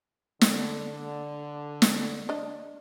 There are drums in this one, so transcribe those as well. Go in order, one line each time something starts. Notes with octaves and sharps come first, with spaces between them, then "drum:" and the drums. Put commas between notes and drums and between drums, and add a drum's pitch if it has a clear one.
D3, drum: snare
drum: snare
D4 D#5